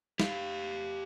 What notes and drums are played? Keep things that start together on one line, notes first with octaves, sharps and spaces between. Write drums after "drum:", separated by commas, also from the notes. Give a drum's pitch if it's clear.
G4 F5, drum: snare